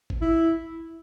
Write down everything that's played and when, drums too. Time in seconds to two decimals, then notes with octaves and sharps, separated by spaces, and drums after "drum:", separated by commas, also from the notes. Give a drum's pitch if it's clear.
0.10 drum: kick
0.22 E4